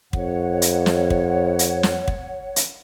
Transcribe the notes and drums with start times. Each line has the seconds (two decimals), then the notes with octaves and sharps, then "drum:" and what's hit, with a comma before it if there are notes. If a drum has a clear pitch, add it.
0.13 F2 C#5 F#5, drum: kick
0.62 drum: hi-hat
0.86 drum: snare
1.10 drum: kick
1.59 drum: hi-hat
1.83 drum: snare
2.08 drum: kick
2.56 drum: hi-hat